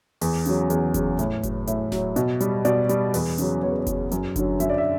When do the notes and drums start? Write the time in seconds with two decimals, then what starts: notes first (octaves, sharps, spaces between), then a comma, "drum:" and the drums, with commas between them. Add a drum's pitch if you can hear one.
0.21 E2, drum: open hi-hat
0.45 C#3 F#3, drum: hi-hat
0.70 E2, drum: hi-hat
0.94 C#3 F#3, drum: kick F#1, hi-hat
1.19 A2, drum: hi-hat
1.43 F#3, drum: kick F#1, hi-hat
1.67 A2 E5, drum: hi-hat
1.92 F#3, drum: snare D#1
2.16 B2, drum: hi-hat
2.40 G3, drum: hi-hat
2.65 B2 D5, drum: hi-hat
2.89 G3, drum: hi-hat
3.14 E2 B4, drum: open hi-hat
3.38 C#3 F#3, drum: hi-hat
3.63 E2 C#5
3.71 B4
3.79 C#5
3.87 C#3 F#3, drum: kick F#1, hi-hat
4.11 F#2, drum: hi-hat
4.36 D3 F#3, drum: kick F#1, hi-hat
4.60 F#2 E5, drum: hi-hat
4.69 D5
4.78 E5